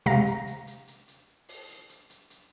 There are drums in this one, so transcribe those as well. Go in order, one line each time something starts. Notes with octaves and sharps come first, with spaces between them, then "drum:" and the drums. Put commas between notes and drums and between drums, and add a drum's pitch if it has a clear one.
C3 G#3 F5 A#5 A#6, drum: hi-hat
drum: hi-hat
drum: hi-hat
drum: hi-hat
drum: hi-hat
drum: hi-hat
drum: open hi-hat
drum: hi-hat
drum: hi-hat
drum: hi-hat
drum: hi-hat